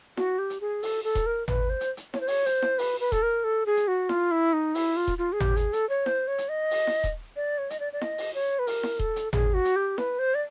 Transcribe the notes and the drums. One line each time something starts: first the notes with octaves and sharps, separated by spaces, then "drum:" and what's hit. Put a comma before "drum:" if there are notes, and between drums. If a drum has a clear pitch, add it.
F#4, drum: snare E4
G4
drum: hi-hat
G#4
A4, drum: open hi-hat
A4
drum: kick D#1, hi-hat
A#4
B4, drum: tom G#1
C5
drum: hi-hat
drum: hi-hat
C#5, drum: snare E4
C5
C#5, drum: open hi-hat
C5, drum: hi-hat
drum: snare E4
B4, drum: open hi-hat
B4
A4, drum: kick D#1, hi-hat
A#4
A4
G#4
drum: hi-hat
F#4
F4, drum: snare E4
E4
D#4
E4, drum: open hi-hat
F4
drum: kick D#1, hi-hat
F4
G#4
G4, drum: tom G#1
G#4, drum: hi-hat
A4, drum: hi-hat
C#5
C5, drum: snare E4
C#5
drum: hi-hat
D#5
drum: open hi-hat
drum: snare E4
drum: kick D#1, hi-hat
D5
C#5
D#5, drum: hi-hat
D5
D5
D#5, drum: snare E4
drum: open hi-hat
C#5
B4
A#4, drum: open hi-hat
drum: snare E4
A4, drum: kick D#1
drum: hi-hat
G#4, drum: tom G#1
F#4
drum: hi-hat
G4
B4, drum: snare E4
C5
D5